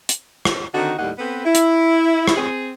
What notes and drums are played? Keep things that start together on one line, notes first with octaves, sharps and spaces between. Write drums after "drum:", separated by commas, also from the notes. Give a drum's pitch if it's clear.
drum: hi-hat
drum: rim click
D3 D#3 C4 D#4 F#4
D#2 A2 G3 A#3 D#4 F#5
B3 C4 A4 B4
E4
drum: hi-hat
drum: rim click
C4 G#4